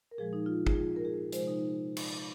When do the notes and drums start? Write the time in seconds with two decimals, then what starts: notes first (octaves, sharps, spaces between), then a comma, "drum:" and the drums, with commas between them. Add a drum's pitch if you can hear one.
0.11 A#4
0.18 A#2 F3 G#3 G#4
0.33 D#4
0.46 F4
0.67 G#4, drum: kick
0.75 F4
0.96 A#4
1.05 G#4
1.32 C3 F3 G#3 C5, drum: hi-hat
1.47 D#4
1.97 drum: cymbal